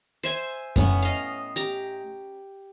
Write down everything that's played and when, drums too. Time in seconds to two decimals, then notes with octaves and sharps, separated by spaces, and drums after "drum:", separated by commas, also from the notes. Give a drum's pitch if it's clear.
0.23 C5 E5 G#5
0.76 A2 B3 C#4 F#5, drum: kick F#2
1.02 D#5 F5
1.56 G4 A#5